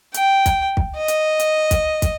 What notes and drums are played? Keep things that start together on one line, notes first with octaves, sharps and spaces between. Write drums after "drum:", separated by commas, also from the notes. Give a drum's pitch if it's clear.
G5, drum: hi-hat
drum: kick, hi-hat
drum: kick
D#5
drum: hi-hat
drum: hi-hat
drum: kick, hi-hat
drum: kick, hi-hat